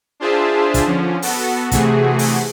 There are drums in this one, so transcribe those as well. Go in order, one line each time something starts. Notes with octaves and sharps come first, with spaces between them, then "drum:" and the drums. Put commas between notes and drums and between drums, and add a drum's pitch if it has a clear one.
D4 F4 G#4 C5 E5 A5
drum: kick, hi-hat
D3 F3 C#4
B3 F#4 A4, drum: open hi-hat
C3 E3 A3 F#4 G#4, drum: kick, hi-hat
drum: open hi-hat